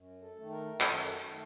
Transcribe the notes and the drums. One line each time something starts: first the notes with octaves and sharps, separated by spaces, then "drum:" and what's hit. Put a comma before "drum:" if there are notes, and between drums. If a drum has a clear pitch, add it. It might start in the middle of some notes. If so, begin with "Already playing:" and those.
Already playing: F#2
A4
D#3 A3
A#4
F#2 A4, drum: clap
F#4
A4
D#3 A3